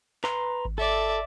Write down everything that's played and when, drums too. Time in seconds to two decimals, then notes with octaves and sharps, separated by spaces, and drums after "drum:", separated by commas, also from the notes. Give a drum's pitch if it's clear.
0.24 B4 A#5 C6, drum: clap
0.65 drum: kick G#1
0.78 A4 D5 E5